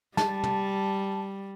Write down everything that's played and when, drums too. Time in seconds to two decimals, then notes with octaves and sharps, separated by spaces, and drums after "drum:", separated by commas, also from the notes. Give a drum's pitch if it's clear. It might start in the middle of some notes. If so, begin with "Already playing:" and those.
0.17 G3 A5, drum: snare
0.44 drum: tom